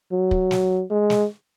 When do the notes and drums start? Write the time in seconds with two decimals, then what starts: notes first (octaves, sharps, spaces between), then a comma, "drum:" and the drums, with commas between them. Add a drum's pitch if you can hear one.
0.12 F#3
0.31 drum: kick
0.51 drum: snare
0.91 G#3
1.10 drum: snare